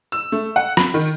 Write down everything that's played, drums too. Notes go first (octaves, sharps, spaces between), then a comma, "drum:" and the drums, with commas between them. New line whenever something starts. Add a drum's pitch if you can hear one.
E6
A3
F#5
B5, drum: rim click
D#3